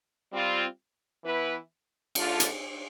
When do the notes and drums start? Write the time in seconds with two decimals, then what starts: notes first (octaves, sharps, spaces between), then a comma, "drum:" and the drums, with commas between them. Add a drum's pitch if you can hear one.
0.32 G3 C4 F4
1.24 E3 B3 E4 B4
2.15 D3 A3 D4 F4, drum: cymbal
2.40 drum: hi-hat